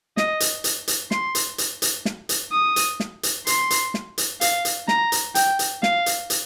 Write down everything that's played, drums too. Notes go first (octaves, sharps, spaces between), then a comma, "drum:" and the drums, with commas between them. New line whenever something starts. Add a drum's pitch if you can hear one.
D#5, drum: snare
drum: hi-hat
drum: hi-hat
drum: hi-hat
C6, drum: snare
drum: hi-hat
drum: hi-hat
drum: hi-hat
drum: snare
drum: hi-hat
D#6
drum: hi-hat
drum: snare
drum: hi-hat
C6, drum: hi-hat
drum: hi-hat
drum: snare
drum: hi-hat
F5, drum: hi-hat
drum: hi-hat
A#5, drum: snare
drum: hi-hat
G5, drum: hi-hat
drum: hi-hat
F5, drum: snare
drum: hi-hat
drum: hi-hat